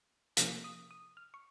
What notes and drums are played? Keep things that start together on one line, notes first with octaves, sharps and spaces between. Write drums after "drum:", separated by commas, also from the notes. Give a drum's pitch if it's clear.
C3 F3 A#3 C#4 F6, drum: hi-hat
D#6
D#6
F6
C#6